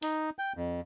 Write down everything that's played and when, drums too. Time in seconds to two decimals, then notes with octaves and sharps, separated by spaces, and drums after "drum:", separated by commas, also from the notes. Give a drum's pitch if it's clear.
0.02 D#4, drum: open hi-hat
0.39 G5
0.57 F2